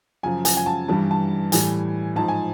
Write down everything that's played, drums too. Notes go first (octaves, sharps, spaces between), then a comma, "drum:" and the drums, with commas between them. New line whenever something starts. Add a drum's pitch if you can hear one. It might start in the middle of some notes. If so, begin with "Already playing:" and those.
F#2 C#3 F3 G#5
G#5, drum: hi-hat
G#5
A5
G2 E3 G3 A5
A5
A2 E3 G3 G#5, drum: hi-hat
G#2 F3 A5
G#5